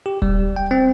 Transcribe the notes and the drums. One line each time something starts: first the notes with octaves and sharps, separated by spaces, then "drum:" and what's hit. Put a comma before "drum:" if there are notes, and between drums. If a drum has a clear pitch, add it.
G4
G3, drum: kick D#1
G5
C4